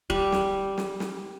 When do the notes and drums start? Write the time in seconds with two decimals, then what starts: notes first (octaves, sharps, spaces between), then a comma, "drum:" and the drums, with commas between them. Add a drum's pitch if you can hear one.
0.10 G3, drum: kick
0.32 drum: snare
0.78 drum: snare
1.00 drum: snare